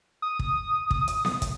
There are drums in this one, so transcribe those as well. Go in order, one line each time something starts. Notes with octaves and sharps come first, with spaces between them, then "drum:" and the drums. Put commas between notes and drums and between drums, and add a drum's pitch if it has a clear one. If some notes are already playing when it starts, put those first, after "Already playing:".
D#6
drum: kick
drum: kick
drum: hi-hat
drum: snare B3
drum: kick, hi-hat